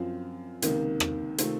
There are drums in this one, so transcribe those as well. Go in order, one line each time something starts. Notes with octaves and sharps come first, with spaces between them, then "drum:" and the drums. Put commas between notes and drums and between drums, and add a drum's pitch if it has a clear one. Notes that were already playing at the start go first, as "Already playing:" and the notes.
Already playing: F#2 F3 C4 F4
C#2 C3 D#3 A#3, drum: hi-hat
drum: rim click
C3 D#3 A3 C4 F4, drum: hi-hat